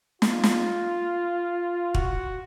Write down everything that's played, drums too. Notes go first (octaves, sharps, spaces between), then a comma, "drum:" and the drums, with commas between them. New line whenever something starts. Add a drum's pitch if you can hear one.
F4, drum: snare
drum: snare
F#4, drum: kick